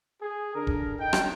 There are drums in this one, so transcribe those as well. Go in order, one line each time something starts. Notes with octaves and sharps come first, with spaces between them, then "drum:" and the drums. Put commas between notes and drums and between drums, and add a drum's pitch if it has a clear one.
G#4
D3 D4 A#4
drum: kick
D#4 G5
drum: rim click